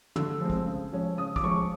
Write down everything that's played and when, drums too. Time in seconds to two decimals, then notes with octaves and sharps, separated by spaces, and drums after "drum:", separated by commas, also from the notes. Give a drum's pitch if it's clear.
0.16 D3 E6, drum: tom
0.41 F3 G#3 C4
0.50 drum: kick
0.66 C#3
0.93 F3 G#3 C#4
1.18 C#3 D#6
1.36 D6, drum: kick
1.43 F3 G#3 C#4 C#6